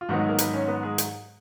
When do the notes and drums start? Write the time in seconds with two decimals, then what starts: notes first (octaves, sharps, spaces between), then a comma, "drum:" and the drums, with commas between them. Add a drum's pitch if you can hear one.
0.01 F4
0.09 G#2 D#3 F#3 B3 D#4 F#4
0.19 G#3 G#4
0.29 A#3 A#4
0.38 B3 B4, drum: hi-hat
0.54 C#4 C#5
0.68 B3 B4
0.83 G#3 G#4
0.98 drum: hi-hat